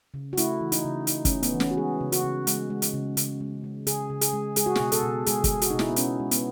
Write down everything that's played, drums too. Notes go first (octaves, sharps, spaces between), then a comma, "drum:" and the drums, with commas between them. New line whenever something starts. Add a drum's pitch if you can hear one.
C#3
F#4
A3 E4, drum: hi-hat
E3
D#4, drum: hi-hat
C#3
C#3 D#4, drum: hi-hat
C#4, drum: kick, hi-hat
A3
B3, drum: hi-hat
E3
C#4, drum: snare
F#4
G#3 G#4
C#3
F#4, drum: hi-hat
C#3
G#3, drum: hi-hat
G#3
drum: hi-hat
C#3
C#3, drum: hi-hat
G#3
G#3
C#3 G#4, drum: hi-hat
C#3
G#4, drum: hi-hat
G#3
G#3 G#4, drum: hi-hat
F#4
B2 G#4, drum: snare
A4, drum: hi-hat
B2
G#3 G#4, drum: hi-hat
G#4, drum: kick, hi-hat
G#3
F#4, drum: hi-hat
B2 D#4
E4, drum: snare
B3
B2 C#4, drum: hi-hat
G#3
B3, drum: hi-hat